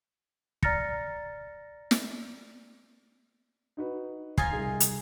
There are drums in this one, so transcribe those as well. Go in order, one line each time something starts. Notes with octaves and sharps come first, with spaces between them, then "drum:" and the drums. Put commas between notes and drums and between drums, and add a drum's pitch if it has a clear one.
D5 A#5 F6 A6 A#6 C#7, drum: kick
drum: snare
D#4 F#4 B4
D#4 F4 G#5 D#6 C7, drum: kick
C2 G#4
drum: hi-hat